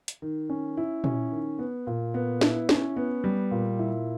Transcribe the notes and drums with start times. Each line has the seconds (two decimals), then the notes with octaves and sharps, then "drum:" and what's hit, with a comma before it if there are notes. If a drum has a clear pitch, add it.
0.08 drum: hi-hat
0.22 D#3
0.50 C#4
0.77 E4
1.04 C#4, drum: tom A#2
1.32 D#3
1.59 B3
1.87 A#2
2.14 B3
2.41 E4, drum: snare
2.69 C#4, drum: snare
2.97 B3
3.24 G3
3.51 A#2
3.79 E4